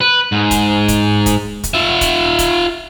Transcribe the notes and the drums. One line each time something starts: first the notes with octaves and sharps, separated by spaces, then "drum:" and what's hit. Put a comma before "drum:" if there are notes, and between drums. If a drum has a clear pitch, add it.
B4
G#2
drum: kick, hi-hat
drum: kick, hi-hat
drum: kick, hi-hat
drum: kick, hi-hat
F4 E5
drum: kick, hi-hat
drum: kick, hi-hat